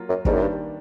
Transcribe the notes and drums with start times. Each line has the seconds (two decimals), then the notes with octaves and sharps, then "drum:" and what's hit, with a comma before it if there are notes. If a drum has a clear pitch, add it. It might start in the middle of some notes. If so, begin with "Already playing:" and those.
Already playing: F#3 A#3 F4
0.09 F#2
0.25 G#2 D#3 G3 A#3 D4, drum: kick
0.34 F#2
0.41 G2